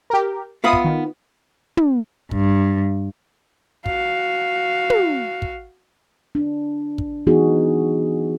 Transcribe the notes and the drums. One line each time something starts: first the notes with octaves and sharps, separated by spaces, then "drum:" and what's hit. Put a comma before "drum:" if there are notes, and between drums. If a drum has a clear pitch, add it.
G4 A#4
B3 F4 E5 B5 D#6
drum: kick
D#3
drum: tom
G2, drum: kick
F#4 F5, drum: kick
drum: tom
drum: kick
D4
drum: kick
E3 B3 D#4 F#4 G#4